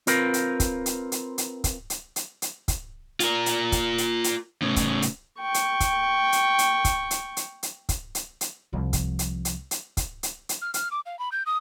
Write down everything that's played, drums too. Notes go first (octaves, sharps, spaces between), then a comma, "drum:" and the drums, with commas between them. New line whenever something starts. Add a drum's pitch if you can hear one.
C4 F4 A#4 B4, drum: hi-hat
drum: hi-hat
drum: kick, hi-hat
drum: hi-hat
drum: hi-hat
drum: hi-hat
drum: kick, hi-hat
drum: hi-hat
drum: hi-hat
drum: hi-hat
drum: kick, hi-hat
F4 A#4, drum: hi-hat
drum: hi-hat
drum: kick, hi-hat
drum: hi-hat
drum: hi-hat
A2 C#3
drum: kick, hi-hat
drum: hi-hat
G5 C#6
drum: hi-hat
drum: kick, hi-hat
drum: hi-hat
drum: hi-hat
drum: kick, hi-hat
drum: hi-hat
drum: hi-hat
drum: hi-hat
drum: kick, hi-hat
drum: hi-hat
drum: hi-hat
C2 F3
drum: kick, hi-hat
drum: hi-hat
drum: hi-hat
drum: hi-hat
drum: kick, hi-hat
drum: hi-hat
drum: hi-hat
F6
F6, drum: hi-hat
D6
F5
B5
G6
D#6